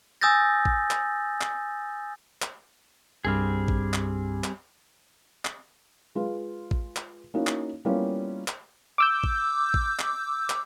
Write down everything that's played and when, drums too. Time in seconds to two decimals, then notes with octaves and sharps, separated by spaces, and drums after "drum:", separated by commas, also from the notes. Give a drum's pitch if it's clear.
0.21 G#5 D#6 E6 G6 A6 A#6
0.65 drum: kick A1
0.91 drum: clap
1.41 drum: clap
2.42 drum: clap
3.25 C2 G2 G3 C4 G#4 F6
3.68 drum: kick A1
3.94 drum: clap
4.44 drum: clap
5.45 drum: clap
6.15 G#3 F4 B4
6.71 drum: kick A1
6.96 drum: clap
7.34 A#3 C#4 D#4 E4 F#4
7.47 drum: clap
7.85 G3 A#3 B3 C#4 E4 F4
8.48 drum: clap
8.98 D6 E6 G6
9.24 drum: kick A1
9.74 drum: kick A1
9.99 drum: clap
10.50 drum: clap